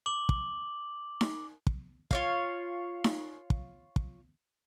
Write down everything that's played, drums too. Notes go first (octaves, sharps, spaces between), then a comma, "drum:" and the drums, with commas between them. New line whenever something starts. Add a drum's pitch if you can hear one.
D6 F#7
drum: kick
drum: snare D#4
drum: kick
F4 C#5 F5, drum: kick
drum: snare D#4
drum: kick
drum: kick